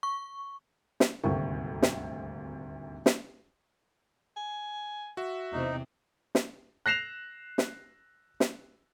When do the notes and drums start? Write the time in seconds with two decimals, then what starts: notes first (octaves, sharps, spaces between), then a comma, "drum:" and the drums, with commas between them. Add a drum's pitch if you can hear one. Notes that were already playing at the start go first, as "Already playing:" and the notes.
0.03 C#6
1.00 drum: snare
1.24 D#1 G#1 D2 C3 C#6
1.82 drum: snare
3.06 drum: snare
4.36 G#5
5.17 F#4 E5
5.52 E2 C3 C4 D#4
6.35 drum: snare
6.86 F#6 A#6 C7 E7 F7
7.58 drum: snare
8.40 drum: snare